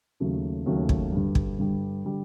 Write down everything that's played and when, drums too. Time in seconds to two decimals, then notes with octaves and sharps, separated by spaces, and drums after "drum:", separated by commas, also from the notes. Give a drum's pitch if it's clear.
0.20 D#2 C#3 F#3 A3
0.66 D#2 C#3 F#3 A3
0.89 drum: kick
1.12 G2 D3 G3
1.35 drum: kick
1.58 G2 D3 G3
2.05 D3 G3